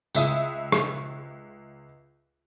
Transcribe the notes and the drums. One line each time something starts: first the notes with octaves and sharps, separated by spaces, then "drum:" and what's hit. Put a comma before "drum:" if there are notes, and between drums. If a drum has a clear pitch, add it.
C#2 E5 D#6, drum: tambourine
drum: rim click